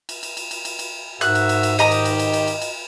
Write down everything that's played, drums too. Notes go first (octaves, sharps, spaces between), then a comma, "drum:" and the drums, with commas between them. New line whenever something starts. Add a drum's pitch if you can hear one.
drum: cymbal
drum: cymbal
drum: cymbal
drum: cymbal
drum: cymbal
drum: cymbal
G#2 F#4 A#4 E5 F#6, drum: cymbal
drum: cymbal
drum: cymbal
drum: cymbal
D#3 G4 D#5 A#5, drum: cymbal
drum: cymbal
drum: cymbal
drum: cymbal
drum: cymbal
drum: cymbal
drum: cymbal